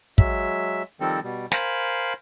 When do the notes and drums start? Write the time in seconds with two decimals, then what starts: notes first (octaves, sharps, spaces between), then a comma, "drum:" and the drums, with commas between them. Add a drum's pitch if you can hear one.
0.18 F#3 G#3 E5, drum: kick
1.00 D#3 F3 G3 C4 A4
1.24 B2 G3
1.52 A#4 C5 F5 G#5 B5, drum: snare